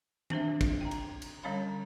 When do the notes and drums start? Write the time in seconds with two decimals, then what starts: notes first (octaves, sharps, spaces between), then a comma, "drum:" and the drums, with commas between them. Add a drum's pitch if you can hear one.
0.30 C4 D4 C5 E5, drum: tom D#3
0.61 drum: kick, cymbal
0.81 G5 A#5
0.91 drum: cymbal
1.22 drum: cymbal
1.43 D3 G3 C#4 C#5 F5 B5